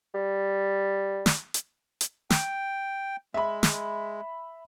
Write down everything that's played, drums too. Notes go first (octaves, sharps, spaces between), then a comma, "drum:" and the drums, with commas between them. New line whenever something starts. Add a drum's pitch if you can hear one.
G3
drum: snare
drum: hi-hat
drum: hi-hat
G5, drum: snare
G#3 E5 B5
drum: snare